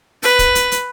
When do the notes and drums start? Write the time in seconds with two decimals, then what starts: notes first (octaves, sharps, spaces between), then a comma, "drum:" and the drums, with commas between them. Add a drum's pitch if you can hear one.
0.23 B4, drum: open hi-hat
0.39 drum: kick, hi-hat
0.55 drum: hi-hat
0.72 drum: hi-hat